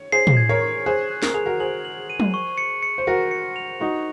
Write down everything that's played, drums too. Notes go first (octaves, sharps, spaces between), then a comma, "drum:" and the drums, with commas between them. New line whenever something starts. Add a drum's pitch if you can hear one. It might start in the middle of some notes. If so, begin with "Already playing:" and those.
Already playing: C#5
G#4 C5 C7
drum: tom
G#6
A#4 C#5
C#6
G#4 C5 F#6
F#6
A#4, drum: snare
G#4 F7
F#4 A#4
G#4 C5 F#7
F#7
D#7
drum: tom
C#6
C#7
C#7
C5
F#4 A#4 A#6
C#7
F7
D#4 F#4 C#6